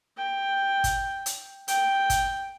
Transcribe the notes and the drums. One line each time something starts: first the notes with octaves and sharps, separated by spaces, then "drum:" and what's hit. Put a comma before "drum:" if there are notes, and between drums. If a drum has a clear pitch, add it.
G5
drum: kick G1, hi-hat
drum: hi-hat
G5, drum: hi-hat
drum: kick G1, hi-hat